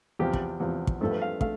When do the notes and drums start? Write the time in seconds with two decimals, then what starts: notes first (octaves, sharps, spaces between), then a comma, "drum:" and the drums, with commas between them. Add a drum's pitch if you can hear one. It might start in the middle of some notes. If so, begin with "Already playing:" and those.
0.19 E2 C3 F3 G4
0.33 drum: kick
0.60 E2 C3 F3
0.87 drum: kick
1.01 G2 F3 A3 A4
1.11 B4
1.22 F5
1.41 A3 F5, drum: kick